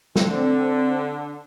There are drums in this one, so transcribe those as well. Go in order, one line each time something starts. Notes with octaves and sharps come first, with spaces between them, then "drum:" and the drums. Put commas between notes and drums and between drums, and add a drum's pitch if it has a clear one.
D3 C4, drum: snare